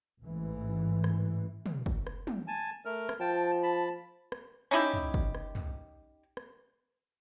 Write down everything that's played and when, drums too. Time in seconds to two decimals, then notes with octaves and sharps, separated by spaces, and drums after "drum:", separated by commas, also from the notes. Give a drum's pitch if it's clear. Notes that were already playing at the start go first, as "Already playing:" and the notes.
0.22 A1 G#2 E3
1.04 drum: rim click
1.66 drum: tom
1.86 drum: kick
2.07 drum: rim click
2.27 drum: tom
2.48 G#5 A5
2.85 A3 A#4 F6
3.09 drum: rim click
3.20 F3 G5 A5
3.63 A5 B5
4.32 drum: rim click
4.71 C#4 D#4 E4 G4
4.94 drum: tom
5.14 drum: kick
5.35 drum: rim click
5.55 drum: tom
6.37 drum: rim click